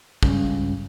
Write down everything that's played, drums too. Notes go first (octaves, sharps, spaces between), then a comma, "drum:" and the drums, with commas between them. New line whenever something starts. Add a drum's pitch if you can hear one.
C#2 G2 C#3, drum: kick